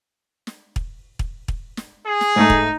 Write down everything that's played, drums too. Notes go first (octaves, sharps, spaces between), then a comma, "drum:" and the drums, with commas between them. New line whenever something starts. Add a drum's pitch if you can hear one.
drum: snare
drum: kick
drum: kick
drum: kick
drum: snare
G#4
drum: snare
G#2 A3 D#4
drum: kick